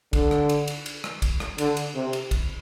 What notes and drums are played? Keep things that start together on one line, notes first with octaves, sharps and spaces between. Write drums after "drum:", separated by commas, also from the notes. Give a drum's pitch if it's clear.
D3, drum: kick, cymbal
drum: rim click
drum: cymbal
drum: cymbal
drum: cymbal
drum: rim click
drum: kick, cymbal
drum: rim click
D3, drum: cymbal
drum: cymbal
C3
drum: cymbal
drum: kick, cymbal